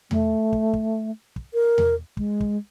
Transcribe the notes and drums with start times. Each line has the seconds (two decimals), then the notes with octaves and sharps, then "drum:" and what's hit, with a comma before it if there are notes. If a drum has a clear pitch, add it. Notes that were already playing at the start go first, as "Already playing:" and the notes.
0.11 A3, drum: tom E2
0.53 drum: kick
0.73 drum: kick
1.36 drum: kick
1.54 A#4
1.78 drum: tom E2
2.17 G#3, drum: kick
2.40 drum: kick